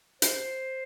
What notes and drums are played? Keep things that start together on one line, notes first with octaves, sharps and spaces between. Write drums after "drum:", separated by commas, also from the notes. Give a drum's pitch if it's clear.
C5, drum: hi-hat